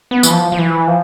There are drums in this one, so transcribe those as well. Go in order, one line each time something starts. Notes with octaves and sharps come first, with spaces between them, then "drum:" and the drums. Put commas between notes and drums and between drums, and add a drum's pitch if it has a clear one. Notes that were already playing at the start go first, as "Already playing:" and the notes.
B3
E3, drum: tambourine
F3
F3
E3
F3